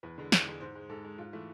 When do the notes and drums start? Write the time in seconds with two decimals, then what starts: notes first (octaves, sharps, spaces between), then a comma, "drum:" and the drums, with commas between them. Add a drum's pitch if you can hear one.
0.03 E2 B4
0.18 D3 G#3
0.32 E2, drum: snare
0.46 D3 G#3
0.60 G#2 C5
0.75 G#3
0.89 G#2 A4
1.04 G#3
1.18 G#2 F4
1.33 E3 A3